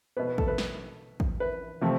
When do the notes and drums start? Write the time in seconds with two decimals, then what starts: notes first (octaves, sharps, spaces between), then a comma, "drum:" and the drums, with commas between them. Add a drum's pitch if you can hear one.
0.17 B2 B3 B4
0.27 B4
0.38 A4, drum: kick A1
0.48 B4
0.58 drum: snare
1.20 drum: kick A1
1.40 B4
1.81 C3 F3 A3